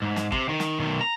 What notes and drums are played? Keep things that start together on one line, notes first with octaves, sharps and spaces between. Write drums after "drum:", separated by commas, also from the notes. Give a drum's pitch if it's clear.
G#2
drum: snare
C3, drum: kick
D#3
drum: snare
B1 D#3
A#5